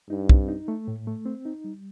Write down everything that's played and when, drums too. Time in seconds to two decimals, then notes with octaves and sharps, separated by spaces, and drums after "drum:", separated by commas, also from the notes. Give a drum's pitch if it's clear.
0.10 G2 D#4
0.29 C4, drum: kick
0.48 D#4
0.68 A3
0.88 A2
1.07 A3
1.26 C4
1.45 D#4
1.64 G3